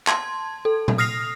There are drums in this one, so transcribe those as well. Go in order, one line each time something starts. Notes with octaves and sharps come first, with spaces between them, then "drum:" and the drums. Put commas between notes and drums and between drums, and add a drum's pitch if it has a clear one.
A5 C6 G#6, drum: clap
A4
drum: tom A#2
D#6 F6 A#6 C7 F7